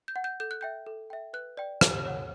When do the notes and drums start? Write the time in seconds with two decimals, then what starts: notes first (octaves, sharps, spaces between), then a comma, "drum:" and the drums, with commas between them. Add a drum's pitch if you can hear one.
0.08 G6
0.16 F#5
0.24 G6
0.40 A4 G6
0.51 F#6
0.61 E5 G5 G6
0.86 A4
1.10 E5 G5
1.33 B4 F#6
1.57 D5 G5
1.81 G4, drum: rim click
2.05 C#5 F#5